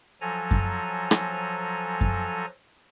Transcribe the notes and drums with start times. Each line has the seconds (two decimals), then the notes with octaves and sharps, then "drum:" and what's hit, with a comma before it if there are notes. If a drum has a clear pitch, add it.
0.21 F3 F#3 A4 G#5 A#5
0.51 drum: kick F#2
1.11 drum: rim click
2.01 drum: kick F#2